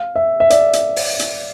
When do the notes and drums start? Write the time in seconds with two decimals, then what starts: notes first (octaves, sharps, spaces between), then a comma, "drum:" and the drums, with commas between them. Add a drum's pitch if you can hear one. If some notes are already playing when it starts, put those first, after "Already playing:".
Already playing: F5
0.16 E5
0.40 E5
0.50 D5, drum: hi-hat
0.73 drum: hi-hat
0.96 drum: open hi-hat
1.19 drum: hi-hat